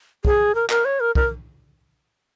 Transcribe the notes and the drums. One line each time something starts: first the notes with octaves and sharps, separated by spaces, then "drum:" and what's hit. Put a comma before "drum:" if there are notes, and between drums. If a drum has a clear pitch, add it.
G#4, drum: kick B1
A#4
A#4, drum: clap
C#5
A#4
A#4, drum: kick B1